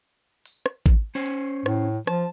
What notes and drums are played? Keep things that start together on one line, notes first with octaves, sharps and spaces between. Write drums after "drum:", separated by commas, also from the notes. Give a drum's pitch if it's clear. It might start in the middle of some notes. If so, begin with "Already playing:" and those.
drum: open hi-hat
drum: rim click
drum: kick, hi-hat
C#4 C5
drum: hi-hat
A2, drum: rim click
F3 A5, drum: rim click